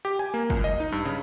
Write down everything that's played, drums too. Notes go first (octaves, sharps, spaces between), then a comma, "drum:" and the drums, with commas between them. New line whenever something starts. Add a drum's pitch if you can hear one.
G4
G#5
A#3
C#2, drum: kick
D#5
D#4
G2
C#3